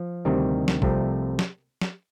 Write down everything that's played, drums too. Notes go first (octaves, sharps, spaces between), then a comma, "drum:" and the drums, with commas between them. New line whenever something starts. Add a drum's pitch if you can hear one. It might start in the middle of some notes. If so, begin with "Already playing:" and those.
Already playing: F3
D2 C3 D#3 G3 C4
drum: snare
C2 C3 F3 A3 C4, drum: kick
drum: snare
drum: snare